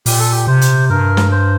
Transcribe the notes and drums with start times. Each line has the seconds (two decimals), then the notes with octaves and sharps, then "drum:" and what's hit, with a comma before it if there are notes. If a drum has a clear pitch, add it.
0.06 A#2 G4, drum: open hi-hat
0.19 A4
0.32 G4
0.47 C3 C5
0.61 drum: hi-hat
0.90 G2 A#4
1.17 drum: snare
1.31 C5